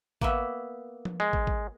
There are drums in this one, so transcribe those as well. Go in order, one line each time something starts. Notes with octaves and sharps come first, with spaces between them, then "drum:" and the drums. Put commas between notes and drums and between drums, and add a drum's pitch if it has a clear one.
A#3 B3 E5, drum: kick
drum: tom F3
G#3
drum: kick
drum: kick